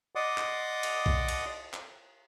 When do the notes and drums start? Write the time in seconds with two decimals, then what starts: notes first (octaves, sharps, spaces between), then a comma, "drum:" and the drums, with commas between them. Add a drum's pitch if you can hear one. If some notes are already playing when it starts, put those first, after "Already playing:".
0.15 D5 D#5 F#5 C6 D6 D#6
0.38 drum: clap
0.83 drum: cymbal
1.06 drum: kick
1.28 drum: cymbal
1.74 drum: clap